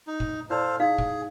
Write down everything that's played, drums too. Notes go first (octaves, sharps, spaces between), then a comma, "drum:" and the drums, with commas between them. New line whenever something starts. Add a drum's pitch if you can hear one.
D#4
drum: kick
E4 A4 C5 D5 F5
D#4 G#4 F5
drum: kick